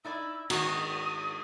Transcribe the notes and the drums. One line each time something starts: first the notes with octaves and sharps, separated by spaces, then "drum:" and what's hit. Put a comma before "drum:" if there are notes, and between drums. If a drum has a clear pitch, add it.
D#4 E4 D5 E6
G#2 D#3 F#4 A#5 D#6, drum: cymbal